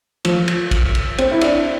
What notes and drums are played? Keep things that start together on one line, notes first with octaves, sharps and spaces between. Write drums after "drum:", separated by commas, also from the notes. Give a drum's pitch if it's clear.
F3, drum: cymbal
drum: cymbal
drum: kick, cymbal
drum: cymbal
C4, drum: cymbal
E4
D4, drum: cymbal